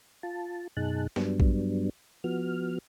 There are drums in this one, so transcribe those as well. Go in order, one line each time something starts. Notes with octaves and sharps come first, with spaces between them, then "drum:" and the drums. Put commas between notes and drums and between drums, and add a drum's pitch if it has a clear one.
F4 A5
F#2 B2 D#4 G#4 A5 F#6
G2 F#3 G3 B3 D4, drum: snare
drum: kick A#1
F3 B3 F#4 F6